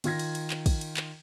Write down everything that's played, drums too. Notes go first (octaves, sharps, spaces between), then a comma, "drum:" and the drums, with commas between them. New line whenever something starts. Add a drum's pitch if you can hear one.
D#3 F4 G#6 A#6, drum: cymbal
drum: cymbal
drum: cymbal
drum: clap
drum: kick, cymbal
drum: cymbal
drum: clap